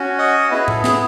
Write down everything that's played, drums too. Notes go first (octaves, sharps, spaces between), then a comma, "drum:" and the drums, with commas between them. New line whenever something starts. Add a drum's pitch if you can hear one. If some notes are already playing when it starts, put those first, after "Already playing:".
Already playing: C#4 F#4
D#5 F#5
B3 E4 G#4 B4 D#5
A4, drum: tom A2
G#4, drum: snare